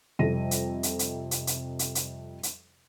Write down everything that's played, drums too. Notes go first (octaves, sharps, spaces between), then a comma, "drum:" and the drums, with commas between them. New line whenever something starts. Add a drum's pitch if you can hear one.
F2 C3 G3 A4 A#6 D#7
drum: hi-hat
drum: hi-hat
drum: hi-hat
drum: hi-hat
drum: hi-hat
drum: hi-hat
drum: hi-hat
drum: hi-hat